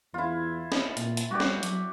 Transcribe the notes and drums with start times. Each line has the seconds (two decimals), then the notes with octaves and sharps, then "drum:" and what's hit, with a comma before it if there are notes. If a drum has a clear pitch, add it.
0.14 E2 E4 F4
0.72 drum: snare
0.97 A#2, drum: hi-hat
1.17 drum: hi-hat
1.31 G3 F#4 G4 D5
1.40 drum: snare
1.63 F#3, drum: hi-hat